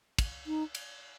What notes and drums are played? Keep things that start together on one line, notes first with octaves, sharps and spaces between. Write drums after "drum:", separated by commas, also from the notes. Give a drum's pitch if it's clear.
drum: kick, cymbal
D#4
drum: cymbal